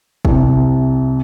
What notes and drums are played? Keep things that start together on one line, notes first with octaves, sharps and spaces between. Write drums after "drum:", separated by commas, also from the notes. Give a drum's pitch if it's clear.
C2 C3, drum: kick